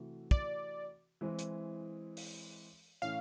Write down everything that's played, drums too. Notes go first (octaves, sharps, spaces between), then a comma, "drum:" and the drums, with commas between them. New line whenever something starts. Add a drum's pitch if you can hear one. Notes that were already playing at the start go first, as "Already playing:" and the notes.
Already playing: C3 E3 A3 F#4
D5, drum: kick
E3 G#3 C4 E4
drum: hi-hat
drum: open hi-hat
A2 E3 A3 C#4 F5